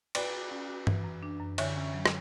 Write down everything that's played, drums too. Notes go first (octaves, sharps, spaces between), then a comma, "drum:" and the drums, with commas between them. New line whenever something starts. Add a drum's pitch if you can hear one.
F#4 B4 D5, drum: cymbal
F#4
C#4
F#4
E3, drum: tom G2
F#2
D4
F#2
D3 C#5 E5, drum: cymbal
C#4
F#3
drum: rim click